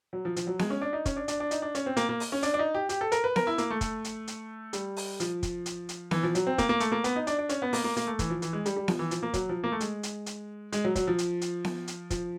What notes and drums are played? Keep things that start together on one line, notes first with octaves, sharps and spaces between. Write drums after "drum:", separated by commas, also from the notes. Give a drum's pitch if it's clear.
F#3
F3
F3, drum: hi-hat
F#3
G#3, drum: snare B3
C#4
D4
D#4
C#4, drum: kick, hi-hat
D4
D4, drum: hi-hat
D4
D#4, drum: hi-hat
D4
C#4, drum: hi-hat
C4
A#3, drum: hi-hat
A#3
drum: open hi-hat
C#4
D4, drum: hi-hat
D4
D#4
G4
G4, drum: hi-hat
A4
A#4, drum: hi-hat
B4
A#4, drum: snare B3
E4
A#3, drum: hi-hat
A3
A3, drum: kick, hi-hat
drum: hi-hat
drum: hi-hat
G3, drum: hi-hat
drum: open hi-hat
F3, drum: hi-hat
drum: kick, hi-hat
drum: hi-hat
drum: hi-hat
E3, drum: snare B3
F3
F#3, drum: hi-hat
C4
A#3, drum: kick, hi-hat
A#3
A3, drum: hi-hat
A#3
B3, drum: hi-hat
D#4
D4, drum: hi-hat
D4
C#4, drum: hi-hat
B3
A#3, drum: open hi-hat
A#3
A#3, drum: hi-hat
A3
E3, drum: kick, hi-hat
F3
E3, drum: hi-hat
G#3
G3, drum: hi-hat
G3
F3, drum: snare B3
E3
F3, drum: hi-hat
A#3
F#3, drum: kick, hi-hat
F3
A#3
A3
G#3, drum: hi-hat
drum: hi-hat
drum: hi-hat
G#3, drum: hi-hat
F#3
F#3, drum: kick, hi-hat
F3
drum: hi-hat
drum: hi-hat
drum: snare B3
drum: hi-hat
F3, drum: kick, hi-hat